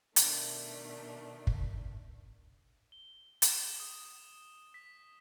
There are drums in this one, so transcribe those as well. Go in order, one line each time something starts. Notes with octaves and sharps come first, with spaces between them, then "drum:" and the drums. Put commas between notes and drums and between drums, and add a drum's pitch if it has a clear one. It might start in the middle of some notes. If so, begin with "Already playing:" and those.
B2 D#3 A3 D4, drum: hi-hat
drum: kick
G7
E7, drum: hi-hat
E7
D#6
B6